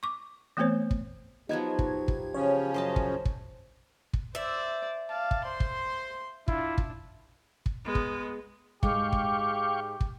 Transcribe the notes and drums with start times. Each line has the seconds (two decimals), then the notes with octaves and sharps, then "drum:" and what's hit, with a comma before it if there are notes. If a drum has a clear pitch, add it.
0.03 C#6 D6
0.57 E3 A3 B3 C4 C5 C#5
0.91 drum: kick
1.49 F3 F#3 B3 D#4 G4 G#6
1.79 drum: kick
2.08 drum: kick
2.34 C#3 F3 C#4 C#5
2.74 F#2 C5 D#5 A5
2.96 drum: kick
3.25 drum: kick
4.13 drum: kick
4.35 C5 D5 E5
5.10 D5 F5 A5
5.31 drum: kick
5.45 C5 C6
5.60 drum: kick
6.48 D4 E4 F4, drum: kick
6.78 drum: kick
7.66 drum: kick
7.85 G#3 B3
7.95 drum: kick
8.83 G#2 G#3 G4 F5 G5 C#6 D6, drum: kick
9.12 drum: kick
10.01 drum: kick